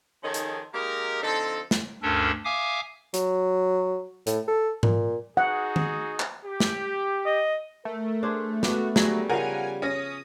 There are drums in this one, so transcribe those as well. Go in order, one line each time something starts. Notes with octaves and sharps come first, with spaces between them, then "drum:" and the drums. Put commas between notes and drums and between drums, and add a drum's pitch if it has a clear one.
D#3 F3 C#4 D#4 G#4 A4
drum: hi-hat
G#3 A#3 D#4 G4 A#4
D3 F3 C4 D#4 A4
drum: snare
D2 G2 C#4 D4 A4 A#4
E5 F5 G#5 D6 D#6
F#3, drum: hi-hat
A2, drum: hi-hat
A4
A#2, drum: tom G#2
D#4 F#4 G#4 F#5
drum: tom D#3
drum: clap
G4
drum: snare
D#5
A3 A#4
D4 G#4 C5
B3 D4 F#4, drum: snare
F#3 G3 F#4 G#4, drum: snare
C#3 F3 A#4 F5 F#5 G#5
C#4 D#6 A#6